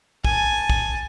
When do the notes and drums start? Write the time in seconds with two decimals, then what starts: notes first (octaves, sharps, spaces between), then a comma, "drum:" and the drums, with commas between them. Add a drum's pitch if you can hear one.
0.24 G#5 A5, drum: kick
0.70 drum: kick